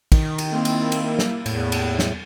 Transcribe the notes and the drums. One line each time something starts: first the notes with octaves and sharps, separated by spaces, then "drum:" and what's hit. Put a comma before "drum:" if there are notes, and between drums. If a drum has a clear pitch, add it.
D#3, drum: kick, cymbal
drum: cymbal
A#3 C4 E4
drum: cymbal
drum: cymbal
drum: snare
E2 A2, drum: cymbal
drum: cymbal
drum: snare